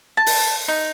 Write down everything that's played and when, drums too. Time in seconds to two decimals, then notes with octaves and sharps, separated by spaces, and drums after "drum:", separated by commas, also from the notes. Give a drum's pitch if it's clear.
0.17 A5
0.26 drum: open hi-hat
0.68 D#4